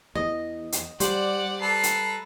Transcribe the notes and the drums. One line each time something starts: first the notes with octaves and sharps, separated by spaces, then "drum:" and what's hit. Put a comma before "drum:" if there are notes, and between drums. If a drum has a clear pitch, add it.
E2 D#5
drum: hi-hat
G3 C5 D5 F#5, drum: hi-hat
A4 B4 A#5 C7
drum: hi-hat